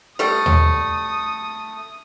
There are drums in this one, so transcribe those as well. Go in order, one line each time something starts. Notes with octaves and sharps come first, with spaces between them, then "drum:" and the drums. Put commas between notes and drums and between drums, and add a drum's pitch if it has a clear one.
G3 A3 D#6
drum: tom D#2